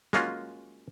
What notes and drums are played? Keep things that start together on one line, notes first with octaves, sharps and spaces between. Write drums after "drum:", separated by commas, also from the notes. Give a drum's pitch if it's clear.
G#3 A#3 C#4 F4 F#4, drum: snare